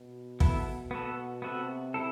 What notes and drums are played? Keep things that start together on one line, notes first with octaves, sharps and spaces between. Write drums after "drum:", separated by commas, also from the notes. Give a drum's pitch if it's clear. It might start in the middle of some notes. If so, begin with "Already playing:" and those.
Already playing: B2
B3 E4 A4, drum: kick
B3 F#4 A4
C3 B3 F#4 A4
E4 A4